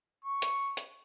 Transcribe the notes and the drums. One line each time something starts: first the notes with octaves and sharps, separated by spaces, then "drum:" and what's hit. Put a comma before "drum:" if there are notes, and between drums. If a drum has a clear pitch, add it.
C#6
drum: hi-hat
drum: hi-hat